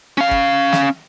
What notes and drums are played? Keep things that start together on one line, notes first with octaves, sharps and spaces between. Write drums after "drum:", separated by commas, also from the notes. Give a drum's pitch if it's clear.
C#4 F5
drum: kick
drum: snare